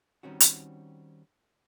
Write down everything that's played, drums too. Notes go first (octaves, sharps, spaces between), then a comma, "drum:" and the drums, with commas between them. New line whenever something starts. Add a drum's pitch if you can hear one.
D#3 G3 C4 C#4 F#4
drum: hi-hat